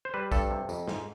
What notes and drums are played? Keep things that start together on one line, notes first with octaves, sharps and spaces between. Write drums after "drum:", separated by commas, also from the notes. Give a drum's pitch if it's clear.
C5
G3 B4
G2 A4, drum: kick, tambourine
C3
F2, drum: tambourine
G#2, drum: snare